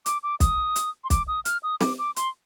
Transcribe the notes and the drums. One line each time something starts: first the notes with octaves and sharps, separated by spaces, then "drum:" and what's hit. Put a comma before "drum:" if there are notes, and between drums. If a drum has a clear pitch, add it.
D6, drum: hi-hat
D6
D#6, drum: kick, hi-hat
drum: hi-hat
C6
D6, drum: kick, hi-hat
D#6
F6, drum: hi-hat
D#6
D6, drum: snare
D6
C6, drum: hi-hat